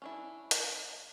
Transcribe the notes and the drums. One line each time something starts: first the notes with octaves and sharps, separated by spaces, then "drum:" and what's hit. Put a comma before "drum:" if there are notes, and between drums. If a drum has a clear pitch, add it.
C#4 D4 E4
drum: hi-hat